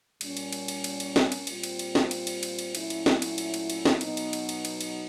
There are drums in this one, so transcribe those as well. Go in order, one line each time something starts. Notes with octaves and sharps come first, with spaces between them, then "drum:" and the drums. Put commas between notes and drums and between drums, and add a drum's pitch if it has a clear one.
A#2 G3 A#3 C#4, drum: cymbal
drum: cymbal
drum: cymbal
drum: cymbal
drum: cymbal
drum: cymbal
drum: snare
drum: cymbal
A#2 G3 C4 F4, drum: cymbal
drum: cymbal
drum: cymbal
drum: snare
drum: cymbal
drum: cymbal
drum: cymbal
drum: cymbal
A#2 F#3 A3 C#4 E4, drum: cymbal
drum: cymbal
drum: snare
drum: cymbal
drum: cymbal
drum: cymbal
drum: cymbal
drum: snare
B2 F#3 B3 D#4, drum: cymbal
drum: cymbal
drum: cymbal
drum: cymbal
drum: cymbal
drum: cymbal